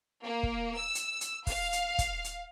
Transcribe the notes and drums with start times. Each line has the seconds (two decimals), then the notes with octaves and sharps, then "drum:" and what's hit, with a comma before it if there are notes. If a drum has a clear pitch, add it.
0.24 A#3
0.43 drum: kick
0.77 E6
0.95 drum: hi-hat
1.21 drum: hi-hat
1.47 F5, drum: kick, open hi-hat
1.73 drum: hi-hat
1.99 drum: kick, hi-hat
2.24 drum: hi-hat